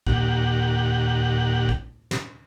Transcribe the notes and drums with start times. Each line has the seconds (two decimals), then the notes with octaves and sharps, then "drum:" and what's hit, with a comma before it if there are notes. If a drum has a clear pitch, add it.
0.07 D#2 A#2 G4 F#5, drum: kick
1.69 drum: kick
2.11 drum: snare